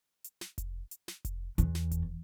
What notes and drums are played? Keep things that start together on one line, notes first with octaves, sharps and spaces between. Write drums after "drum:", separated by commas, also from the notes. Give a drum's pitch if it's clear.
drum: hi-hat
drum: snare
drum: kick F1, hi-hat
drum: hi-hat
drum: snare
drum: kick F1, hi-hat
E2, drum: hi-hat
drum: snare
drum: kick F1, hi-hat